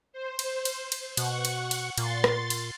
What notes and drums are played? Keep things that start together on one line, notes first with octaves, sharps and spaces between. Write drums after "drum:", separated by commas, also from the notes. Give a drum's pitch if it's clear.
C5
drum: cymbal
drum: cymbal
drum: cymbal
B2 F#5 C#6, drum: cymbal
drum: cymbal
drum: cymbal
A#2 C6 A6, drum: cymbal
drum: rim click
drum: cymbal